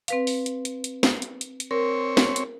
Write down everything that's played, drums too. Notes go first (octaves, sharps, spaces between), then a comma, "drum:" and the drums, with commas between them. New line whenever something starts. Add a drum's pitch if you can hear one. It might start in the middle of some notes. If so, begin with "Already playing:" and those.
C4 B4 F5, drum: hi-hat
drum: open hi-hat
drum: hi-hat
drum: hi-hat
drum: hi-hat
drum: snare
drum: hi-hat
drum: hi-hat
drum: hi-hat
C4 A#4 C#5
drum: snare
drum: hi-hat